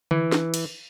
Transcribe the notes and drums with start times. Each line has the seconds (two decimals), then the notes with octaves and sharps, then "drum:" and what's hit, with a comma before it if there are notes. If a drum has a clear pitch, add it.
0.11 E3, drum: tom D3
0.32 drum: snare
0.54 drum: cymbal